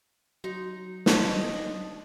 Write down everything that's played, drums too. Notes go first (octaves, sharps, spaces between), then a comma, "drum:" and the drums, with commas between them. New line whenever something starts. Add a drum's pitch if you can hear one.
F#3 D#4 F#4
C4 C#5 D#5 A5, drum: snare
D4 D#4